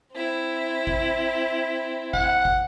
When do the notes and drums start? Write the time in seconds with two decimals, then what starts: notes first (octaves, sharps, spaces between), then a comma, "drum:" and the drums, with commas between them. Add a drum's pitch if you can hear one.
0.12 C4 E4
0.87 drum: kick
2.14 F#5, drum: kick
2.45 drum: kick